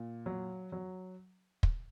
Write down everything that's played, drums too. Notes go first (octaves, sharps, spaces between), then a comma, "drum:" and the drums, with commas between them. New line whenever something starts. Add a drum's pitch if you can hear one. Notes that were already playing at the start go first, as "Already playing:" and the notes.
Already playing: A#2
F#3
F#3
drum: kick